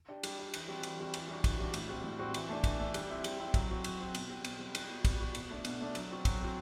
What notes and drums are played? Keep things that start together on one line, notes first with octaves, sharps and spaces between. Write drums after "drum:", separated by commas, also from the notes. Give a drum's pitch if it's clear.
D4 G4
G3, drum: cymbal
D4 G4
E3, drum: cymbal
G3 C4 F#4
E3, drum: cymbal
G3 C4 F#4
E3, drum: cymbal
G3 D4 F#4
E3, drum: kick, cymbal
G3 D4 F#4
A2, drum: cymbal
G3 C4 F#4
A2
G3 C4 F#4
E3, drum: cymbal
A3 D4
E3, drum: kick, cymbal
A3 D4
G3, drum: cymbal
C4 E4 G4
G3, drum: cymbal
C4 E4 G4
F#3, drum: kick, cymbal
C4 F#4
F#3, drum: cymbal
C4 F#4
B2, drum: cymbal
G3 C4
B2, drum: cymbal
G3 C4
G3, drum: cymbal
B3 F#4
G3, drum: kick, cymbal
B3 F#4
B2, drum: cymbal
A3 D4
B2, drum: cymbal
A3 D4
F#3, drum: cymbal
C4 F#4
F#3, drum: kick, cymbal
C4 F#4